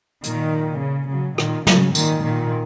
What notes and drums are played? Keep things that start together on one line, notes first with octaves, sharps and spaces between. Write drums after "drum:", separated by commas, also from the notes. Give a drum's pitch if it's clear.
A#2 D#3, drum: hi-hat
C#3
C#3 F#3
A#2 D#3, drum: rim click
C#3 F#3, drum: snare
A#2 D#3, drum: tambourine
A#2 D#3